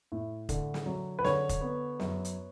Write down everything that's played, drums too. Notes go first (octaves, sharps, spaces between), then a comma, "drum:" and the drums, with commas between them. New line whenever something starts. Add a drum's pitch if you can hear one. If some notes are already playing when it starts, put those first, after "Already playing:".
A2
D3, drum: kick F1, hi-hat
drum: snare
F#3
B4
D3 C#5, drum: snare
drum: kick F1, hi-hat
B3
F#2, drum: snare
drum: hi-hat